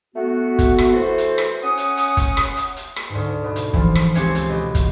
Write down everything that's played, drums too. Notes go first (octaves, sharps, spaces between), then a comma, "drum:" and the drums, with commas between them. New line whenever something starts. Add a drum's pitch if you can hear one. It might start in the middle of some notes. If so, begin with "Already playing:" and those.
A3 B3 F#4
drum: kick, hi-hat
drum: rim click
E3 F#4 A4 C5
drum: hi-hat
drum: rim click
C#4 F#5 D#6
drum: hi-hat
drum: hi-hat
drum: kick, hi-hat
drum: rim click
drum: hi-hat
drum: hi-hat
drum: rim click
D2 G#2
B2
drum: hi-hat
E3 F3, drum: kick
drum: rim click
C#2 C4 G4 C5 G#6 C#7, drum: hi-hat
drum: hi-hat
B2 G4 D#5
drum: kick, hi-hat